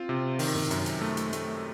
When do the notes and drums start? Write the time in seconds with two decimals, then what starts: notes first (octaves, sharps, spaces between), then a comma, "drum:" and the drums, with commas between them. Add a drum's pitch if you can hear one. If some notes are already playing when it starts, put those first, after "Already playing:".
Already playing: C4 F4
0.09 C3
0.39 D#3, drum: open hi-hat
0.55 drum: tom
0.71 F#2, drum: hi-hat
0.86 drum: hi-hat
1.02 A3
1.17 drum: hi-hat
1.33 A3, drum: hi-hat